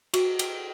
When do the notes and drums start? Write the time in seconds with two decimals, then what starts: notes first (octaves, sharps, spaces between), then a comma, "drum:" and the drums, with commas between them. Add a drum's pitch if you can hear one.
0.14 F#4, drum: cymbal
0.39 drum: cymbal